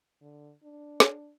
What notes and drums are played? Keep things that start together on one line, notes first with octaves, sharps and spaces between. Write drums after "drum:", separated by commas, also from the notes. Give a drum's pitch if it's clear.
D3
D4
drum: snare